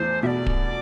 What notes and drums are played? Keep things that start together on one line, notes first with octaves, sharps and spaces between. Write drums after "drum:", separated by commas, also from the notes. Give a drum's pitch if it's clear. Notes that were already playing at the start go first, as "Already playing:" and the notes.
Already playing: E2 A3 C5
B2 D5 E5
drum: kick D1